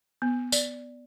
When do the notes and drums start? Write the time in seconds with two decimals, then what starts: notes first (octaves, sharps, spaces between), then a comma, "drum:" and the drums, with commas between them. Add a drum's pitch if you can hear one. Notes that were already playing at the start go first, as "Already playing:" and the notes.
0.22 B3
0.52 D5, drum: tambourine